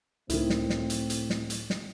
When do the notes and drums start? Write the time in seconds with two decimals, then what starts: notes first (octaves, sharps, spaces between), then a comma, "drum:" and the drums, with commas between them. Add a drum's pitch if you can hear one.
0.30 C#2 A2 D#3 C4 E4, drum: hi-hat
0.50 drum: snare
0.70 drum: snare
0.90 drum: hi-hat
1.10 drum: hi-hat
1.30 drum: snare
1.50 drum: hi-hat
1.70 drum: snare